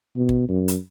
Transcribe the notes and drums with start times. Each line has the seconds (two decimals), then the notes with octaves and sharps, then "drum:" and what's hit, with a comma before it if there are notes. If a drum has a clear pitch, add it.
0.16 B2
0.29 drum: kick
0.49 F#2
0.68 drum: hi-hat